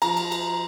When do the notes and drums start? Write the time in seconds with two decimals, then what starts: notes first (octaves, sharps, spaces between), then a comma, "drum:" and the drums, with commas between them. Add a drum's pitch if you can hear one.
0.02 F3 A#5, drum: cymbal
0.17 drum: cymbal
0.32 drum: cymbal